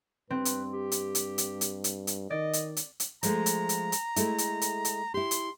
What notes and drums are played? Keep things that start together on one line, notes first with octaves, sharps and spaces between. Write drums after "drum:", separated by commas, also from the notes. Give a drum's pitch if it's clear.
G2 C4 B4
drum: hi-hat
G4
drum: hi-hat
drum: hi-hat
drum: hi-hat
drum: hi-hat
drum: hi-hat
drum: hi-hat
D#3 D5 D#5
drum: hi-hat
drum: hi-hat
drum: hi-hat
F3 G#3 A3 A#5, drum: hi-hat
drum: hi-hat
drum: hi-hat
drum: hi-hat
G#3 A3 E4, drum: hi-hat
drum: hi-hat
drum: hi-hat
drum: hi-hat
E4 G4 C6
drum: hi-hat